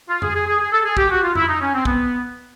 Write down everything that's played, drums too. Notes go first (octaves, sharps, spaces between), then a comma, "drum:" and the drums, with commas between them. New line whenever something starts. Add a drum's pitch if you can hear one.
F4
G#4, drum: tom F2
G#4
G#4
G#4
A4
G#4
G4, drum: kick
F#4
F4
E4, drum: tom F2
D#4
C#4
C4
B3, drum: kick